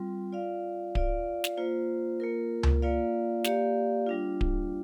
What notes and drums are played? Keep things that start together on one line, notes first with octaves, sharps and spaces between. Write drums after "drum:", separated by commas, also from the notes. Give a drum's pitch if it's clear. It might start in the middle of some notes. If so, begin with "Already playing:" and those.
Already playing: G3 C4 F4
F4 D5 F5
F4 D5 F5, drum: kick D1
drum: snare
A#3 F4 C5
A#3 F4 A#4
drum: tom C#2
A#3 F4 D5 F5
A#3 G4 D5 F5, drum: snare
G3 D4 F4
drum: kick D1